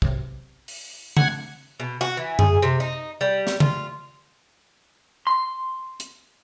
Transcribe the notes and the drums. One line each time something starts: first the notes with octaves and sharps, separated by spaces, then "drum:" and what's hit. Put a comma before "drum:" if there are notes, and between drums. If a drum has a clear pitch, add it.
B1 C3, drum: kick
drum: open hi-hat
A3 C4 D4 F#5 G#6, drum: tom C#3
B2
F#4
E3
G#4, drum: tom F#2
C3
D#4
G3
drum: snare
F4, drum: tom C#3
C6
drum: hi-hat